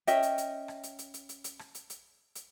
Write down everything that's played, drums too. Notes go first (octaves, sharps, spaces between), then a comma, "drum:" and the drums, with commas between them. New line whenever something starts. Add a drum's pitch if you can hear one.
C#4 D#5 E5 G5, drum: hi-hat
drum: hi-hat
drum: hi-hat
drum: rim click
drum: hi-hat
drum: hi-hat
drum: hi-hat
drum: hi-hat
drum: hi-hat
drum: rim click
drum: hi-hat
drum: hi-hat
drum: hi-hat